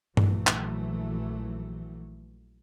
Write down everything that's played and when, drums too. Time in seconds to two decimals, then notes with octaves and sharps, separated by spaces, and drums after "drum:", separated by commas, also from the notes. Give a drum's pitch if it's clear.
0.17 A#1 E3 F#3 A3, drum: tom G2
0.47 drum: clap